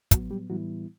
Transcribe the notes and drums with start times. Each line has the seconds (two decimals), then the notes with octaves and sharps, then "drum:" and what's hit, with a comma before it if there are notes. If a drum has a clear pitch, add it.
0.11 A2 F#3 B3 F#4, drum: kick, hi-hat
0.31 G3 G4
0.50 A2 E3 F#3 G3 B3 E4 F#4